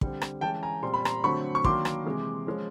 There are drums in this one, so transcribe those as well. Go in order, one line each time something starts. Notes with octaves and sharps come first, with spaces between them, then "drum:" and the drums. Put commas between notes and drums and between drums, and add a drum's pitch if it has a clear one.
D3 G3 C4, drum: kick
drum: rim click
E3 G#3 C#4 G5 A5
G#5 A#5
A#2 G3 C4 C6
B5
A#5 C6, drum: rim click
D3 F#3 A3 C4 B5 C#6
C#6
D#3 F#3 A#3 D4 C6 D6, drum: kick
drum: rim click
C3 E3 G#3
F3 G#3 C#4